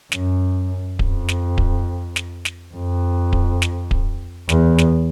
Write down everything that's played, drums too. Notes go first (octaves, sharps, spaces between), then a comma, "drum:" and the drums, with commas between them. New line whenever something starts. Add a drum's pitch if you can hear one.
F#2, drum: snare
F2, drum: kick D1
drum: snare
drum: kick D1
drum: snare
drum: snare
F2
drum: kick D1
drum: snare
drum: kick D1
E2, drum: snare
drum: snare